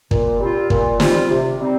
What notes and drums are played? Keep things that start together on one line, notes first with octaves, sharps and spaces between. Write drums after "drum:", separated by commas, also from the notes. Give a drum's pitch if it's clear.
A#2, drum: kick
G3 C4 F4
A#2, drum: kick
G3 C4 F4, drum: snare
C3
G3 C4 D#4